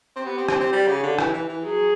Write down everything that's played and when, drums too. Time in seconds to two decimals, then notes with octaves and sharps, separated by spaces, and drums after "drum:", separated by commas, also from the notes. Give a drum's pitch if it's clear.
0.16 C4
0.25 B3 G4
0.38 C4
0.48 C4, drum: rim click
0.60 C4
0.73 G3
0.88 C#3
1.03 D3
1.19 E3, drum: rim click
1.33 E3
1.49 E3
1.64 F#3 G#4